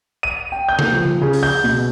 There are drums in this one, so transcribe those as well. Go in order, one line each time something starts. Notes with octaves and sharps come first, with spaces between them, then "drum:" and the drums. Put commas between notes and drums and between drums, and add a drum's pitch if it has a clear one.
D#7
G5
G6
drum: tom C#3
F3
C#3
drum: open hi-hat
G6
B2